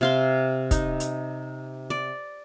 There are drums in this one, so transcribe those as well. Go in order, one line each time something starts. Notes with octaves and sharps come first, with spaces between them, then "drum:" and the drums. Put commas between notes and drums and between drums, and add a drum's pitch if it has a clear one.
C3 F5 C6
D#4, drum: kick, hi-hat
drum: hi-hat
D5